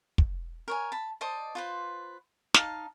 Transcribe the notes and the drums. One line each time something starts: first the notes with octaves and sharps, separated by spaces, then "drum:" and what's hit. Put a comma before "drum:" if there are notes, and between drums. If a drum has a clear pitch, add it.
drum: kick
A#4 C#5 G#5
A5 B5
C5 D5 D#5 A5
F4 B4 C5
D#4 F5 A5, drum: snare